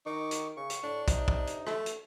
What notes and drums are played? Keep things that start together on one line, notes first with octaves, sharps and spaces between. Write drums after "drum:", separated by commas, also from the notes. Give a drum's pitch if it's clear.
D#3 D#4 C#6 D6
drum: hi-hat
C#3 C#6
drum: hi-hat
A2 D4
C3 D#4, drum: kick, hi-hat
drum: kick
drum: hi-hat
A3, drum: rim click
drum: hi-hat